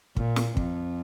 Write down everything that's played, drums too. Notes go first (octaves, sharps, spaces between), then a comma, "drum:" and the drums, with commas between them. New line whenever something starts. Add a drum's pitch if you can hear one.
A#2, drum: kick
drum: snare
F2, drum: kick